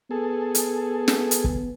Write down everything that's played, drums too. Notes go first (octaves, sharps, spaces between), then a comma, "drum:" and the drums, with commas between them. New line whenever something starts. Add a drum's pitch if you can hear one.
B3 G#4 A4
drum: hi-hat
drum: snare
drum: hi-hat
drum: kick